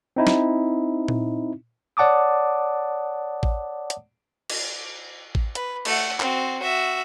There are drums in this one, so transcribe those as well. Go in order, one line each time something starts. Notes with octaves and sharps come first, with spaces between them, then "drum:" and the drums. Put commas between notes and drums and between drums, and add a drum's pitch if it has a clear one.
C4 D#4 E4
drum: snare
drum: tom A#2
C#5 D5 F#5 A5 D6 D#6
drum: kick A1
drum: hi-hat
drum: cymbal
drum: kick A1
B4, drum: hi-hat
A3 F#5, drum: cymbal
C4 F#4, drum: clap
F#4 E5